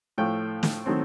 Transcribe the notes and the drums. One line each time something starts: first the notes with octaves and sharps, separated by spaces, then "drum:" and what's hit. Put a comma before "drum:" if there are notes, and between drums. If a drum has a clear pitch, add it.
A2 F3 A3 G5
drum: snare
D#3 F#3 A3 C4